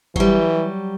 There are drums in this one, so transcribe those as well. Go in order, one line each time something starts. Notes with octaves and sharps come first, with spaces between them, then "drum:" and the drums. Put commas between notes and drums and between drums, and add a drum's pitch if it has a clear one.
E3 F#3 G3, drum: kick G1